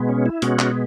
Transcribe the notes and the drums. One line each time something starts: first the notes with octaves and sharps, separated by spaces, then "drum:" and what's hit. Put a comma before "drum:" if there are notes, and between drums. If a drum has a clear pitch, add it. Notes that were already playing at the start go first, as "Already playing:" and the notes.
Already playing: B2 G#3 B3
C#4
E4
B2 G#3 B3 C#4 F#4, drum: hi-hat
drum: clap